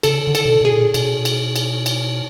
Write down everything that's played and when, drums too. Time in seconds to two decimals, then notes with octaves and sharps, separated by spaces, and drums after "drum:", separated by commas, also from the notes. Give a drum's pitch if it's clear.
0.03 C#3 A4, drum: cymbal
0.27 D3
0.35 A4, drum: cymbal
0.45 C3
0.49 B2
0.61 B2 G#4
0.72 A#2
0.94 B2, drum: cymbal
1.25 drum: cymbal
1.56 drum: cymbal
1.86 drum: cymbal